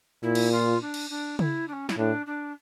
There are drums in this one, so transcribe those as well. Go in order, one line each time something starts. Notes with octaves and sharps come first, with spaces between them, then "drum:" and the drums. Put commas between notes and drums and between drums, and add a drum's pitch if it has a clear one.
A#2 E4
drum: cymbal
F4
D4
drum: cymbal
D4
E4, drum: tom C#3
D4
C#4
E4, drum: snare
A2 D4
D4